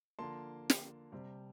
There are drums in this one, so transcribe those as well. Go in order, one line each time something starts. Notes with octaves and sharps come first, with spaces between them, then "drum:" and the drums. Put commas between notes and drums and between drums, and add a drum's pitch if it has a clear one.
D3 F3 A#3 A5 C6
drum: snare
C3 G3 C4